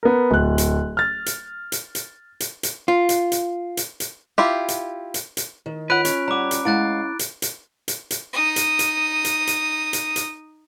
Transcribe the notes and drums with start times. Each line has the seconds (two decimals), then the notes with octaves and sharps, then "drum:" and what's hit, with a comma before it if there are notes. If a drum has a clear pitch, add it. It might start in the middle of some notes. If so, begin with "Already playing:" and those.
0.03 B3 A#4
0.30 D1 F#6
0.58 drum: hi-hat
0.97 F6 A6
1.26 drum: hi-hat
1.72 drum: hi-hat
1.95 drum: hi-hat
2.40 drum: hi-hat
2.63 drum: hi-hat
2.88 F4
3.09 drum: hi-hat
3.32 drum: hi-hat
3.77 drum: hi-hat
4.00 drum: hi-hat
4.38 E4 F4 G4
4.68 drum: hi-hat
5.14 drum: hi-hat
5.37 drum: hi-hat
5.66 D#3
5.90 F4 B4 C#5 F#5 B5 F#6 B6 D7
6.05 C#4, drum: hi-hat
6.28 G3 F#5 A#5 D6
6.51 drum: hi-hat
6.65 G#3 E4 F5 F#5 F#6 A6 D7
7.19 drum: hi-hat
7.42 drum: hi-hat
7.88 drum: hi-hat
8.11 drum: hi-hat
8.33 D#4 D#6
8.56 drum: hi-hat
8.79 drum: hi-hat
9.25 drum: hi-hat
9.47 drum: hi-hat
9.93 drum: hi-hat
10.16 drum: hi-hat